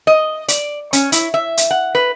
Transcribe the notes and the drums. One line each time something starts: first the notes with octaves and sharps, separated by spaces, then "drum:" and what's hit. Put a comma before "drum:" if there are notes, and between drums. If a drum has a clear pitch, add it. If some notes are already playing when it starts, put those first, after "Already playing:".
D#5
D5, drum: hi-hat
C#4, drum: hi-hat
E4, drum: hi-hat
E5
drum: hi-hat
F#5
B4